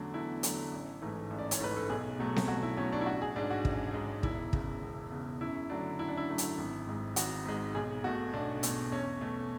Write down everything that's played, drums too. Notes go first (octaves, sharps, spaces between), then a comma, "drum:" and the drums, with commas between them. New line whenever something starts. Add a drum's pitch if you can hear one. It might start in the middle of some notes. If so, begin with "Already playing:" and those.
Already playing: E2 D3 F#3 A3 D4
E2 E4
D3 F#3 A3, drum: hi-hat
A1
G#2 E3 A3
A1
D5
C#5, drum: hi-hat
G#2 E3 A3 B4
A4
B1 G#4
B2 F#3 A3
drum: snare C4
B1 F#4
E4
B2 F#3 A3 C#4
D4
E4
A1 F#4
G#4
G#2 G#3 D4
F#4
A1, drum: kick
G#2 G#3
E1 E4, drum: kick
E2 C#3, drum: kick
E1
E2 C#3
F#2 E4
D3 F#3 A3 D4
F#2 E4
D4
E4
D3 F#3 A3
drum: hi-hat
G#1
G#2 G#3
G#1 F#4, drum: hi-hat
G#2 G#3
B1 G#4
B2 A3 F#4
B1 D4
B2 A3, drum: hi-hat
E2 C#4
B2 A3